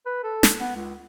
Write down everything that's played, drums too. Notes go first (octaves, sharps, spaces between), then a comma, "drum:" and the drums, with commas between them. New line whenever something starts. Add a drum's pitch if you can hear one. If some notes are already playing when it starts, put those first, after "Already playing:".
B4
A4
drum: snare
B3
C#2